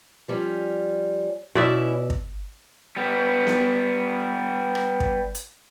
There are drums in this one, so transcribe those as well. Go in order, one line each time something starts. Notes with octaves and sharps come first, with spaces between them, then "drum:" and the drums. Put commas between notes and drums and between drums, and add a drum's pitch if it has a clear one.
F3 G3 C#4
B2 C#4 E4 D5 E5
drum: kick
G3 B3
drum: snare B3
drum: rim click
drum: kick
drum: hi-hat